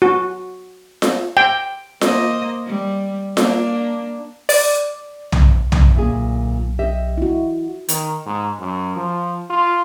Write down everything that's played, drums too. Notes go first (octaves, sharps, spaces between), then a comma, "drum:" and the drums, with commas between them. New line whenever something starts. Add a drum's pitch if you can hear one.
F#4
drum: snare F4
G5
A#3 C5 D#5, drum: snare F4
G3
A#3 D4, drum: snare F4
D5, drum: open hi-hat
drum: tom
drum: tom
D2 A#2 G#4
B1
G4 D#5 E5
E4 F#4
D#3, drum: hi-hat
G#2
F#2
F3
F4